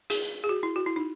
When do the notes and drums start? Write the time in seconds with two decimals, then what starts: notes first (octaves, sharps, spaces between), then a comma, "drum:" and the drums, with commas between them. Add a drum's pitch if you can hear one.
0.10 G#4, drum: hi-hat
0.44 G#4
0.49 F#4
0.63 E4
0.76 F#4
0.86 E4
0.96 D#4